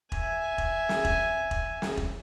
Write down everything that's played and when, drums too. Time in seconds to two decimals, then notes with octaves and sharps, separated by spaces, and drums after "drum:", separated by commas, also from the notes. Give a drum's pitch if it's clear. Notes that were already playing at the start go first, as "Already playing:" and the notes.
0.12 E5 G#5, drum: kick E1
0.58 drum: kick E1
0.89 drum: snare
1.05 drum: kick E1
1.51 drum: kick E1
1.82 drum: snare
1.97 drum: kick E1